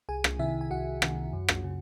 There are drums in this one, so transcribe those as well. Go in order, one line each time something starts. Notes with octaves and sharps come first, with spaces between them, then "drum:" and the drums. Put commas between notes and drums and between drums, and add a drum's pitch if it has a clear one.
C2 G#4 G#5
drum: rim click
C3 D#3 E4 E5
G#5
C2 F#4 F#5
C3 D#3, drum: rim click
F#2
drum: rim click
C#3